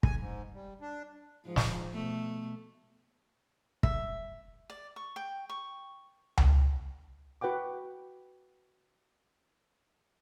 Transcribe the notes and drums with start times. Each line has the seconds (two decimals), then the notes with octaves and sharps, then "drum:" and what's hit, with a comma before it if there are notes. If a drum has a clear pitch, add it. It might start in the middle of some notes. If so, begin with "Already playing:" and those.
0.03 G#5, drum: kick
0.20 G#2
0.54 G3
0.81 D4
1.45 G#2 F3
1.56 drum: snare
1.93 B2 A3
3.83 E5, drum: kick
4.70 D5
4.96 C#6
5.16 G5
5.49 C#6
6.37 drum: tom C#2
7.41 F#4 B4 F#5 G5 D6